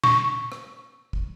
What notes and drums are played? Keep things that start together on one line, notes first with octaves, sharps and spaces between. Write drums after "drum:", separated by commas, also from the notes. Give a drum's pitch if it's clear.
C#6, drum: tom A#2
drum: rim click
drum: kick